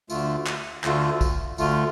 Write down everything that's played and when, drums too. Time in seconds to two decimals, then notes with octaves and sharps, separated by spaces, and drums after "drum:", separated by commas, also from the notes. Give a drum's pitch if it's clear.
0.10 D2 D3 A3 F4, drum: tambourine
0.47 drum: clap
0.84 D2 D3 A3 F4, drum: clap
1.21 drum: kick, tambourine
1.58 D2 D3 A3 F4, drum: tambourine